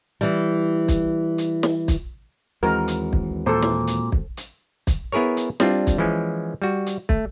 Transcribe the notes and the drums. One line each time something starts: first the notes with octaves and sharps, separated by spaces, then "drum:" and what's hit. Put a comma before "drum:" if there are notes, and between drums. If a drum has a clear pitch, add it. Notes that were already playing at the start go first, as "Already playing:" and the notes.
E3 G3
drum: kick, hi-hat
drum: hi-hat
drum: snare
drum: kick, hi-hat
D#2 E3 G#3 C4 F#4 A#4
drum: hi-hat
drum: kick
A#2 A4 C5
drum: snare
drum: hi-hat
drum: kick
drum: hi-hat
drum: kick, hi-hat
B3 E4 G#4 A#4 C#5
drum: hi-hat
G3 C4 D4 F4, drum: snare
drum: kick, hi-hat
E3 F3 G#3 C#4
G3 F#4
drum: hi-hat
A3, drum: kick